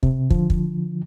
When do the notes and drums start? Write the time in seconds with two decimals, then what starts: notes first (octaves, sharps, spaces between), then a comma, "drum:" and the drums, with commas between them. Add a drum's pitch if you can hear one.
0.03 C3, drum: kick
0.30 D3 F3, drum: kick
0.50 drum: kick